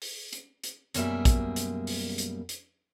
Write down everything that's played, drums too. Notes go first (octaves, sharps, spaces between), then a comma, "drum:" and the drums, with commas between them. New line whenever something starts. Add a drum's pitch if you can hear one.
drum: open hi-hat
drum: hi-hat
drum: hi-hat
F#2 B2 G3 A#3 G#4 E5, drum: hi-hat
drum: kick, hi-hat
drum: hi-hat
drum: open hi-hat
drum: hi-hat
drum: hi-hat